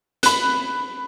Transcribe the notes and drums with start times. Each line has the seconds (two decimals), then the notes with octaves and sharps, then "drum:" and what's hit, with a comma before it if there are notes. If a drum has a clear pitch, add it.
0.23 B5 F#6, drum: hi-hat